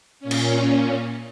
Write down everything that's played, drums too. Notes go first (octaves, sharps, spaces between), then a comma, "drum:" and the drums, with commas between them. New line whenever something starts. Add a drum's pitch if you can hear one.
A#2 C#4
drum: cymbal